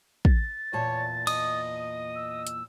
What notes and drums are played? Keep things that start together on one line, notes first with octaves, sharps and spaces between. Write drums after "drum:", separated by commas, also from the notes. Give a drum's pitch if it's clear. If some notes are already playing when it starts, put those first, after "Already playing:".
A6, drum: kick
E2 A#2 C#5 A5
D#5 D#6, drum: cymbal
E6
drum: hi-hat